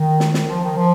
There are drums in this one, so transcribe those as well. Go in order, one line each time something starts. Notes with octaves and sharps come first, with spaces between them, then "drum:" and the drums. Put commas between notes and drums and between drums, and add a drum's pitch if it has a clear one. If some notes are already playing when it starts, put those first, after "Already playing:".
Already playing: D#3
drum: snare
drum: snare
F3
D#3
F3